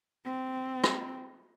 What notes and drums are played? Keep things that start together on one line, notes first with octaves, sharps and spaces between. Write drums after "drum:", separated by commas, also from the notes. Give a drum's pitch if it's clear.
C4
drum: rim click